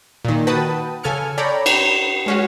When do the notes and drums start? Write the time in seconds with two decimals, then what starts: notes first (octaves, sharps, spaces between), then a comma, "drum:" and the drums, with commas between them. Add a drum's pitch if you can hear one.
0.25 A#2 D#3
0.47 F#4 B4 G5 A5 D#6
1.03 C#3 A4 G#5 F6 C#7
1.38 A4 C#5 D5 G5 A#5 B5
1.66 drum: cymbal
2.26 G#3 C#4 F#4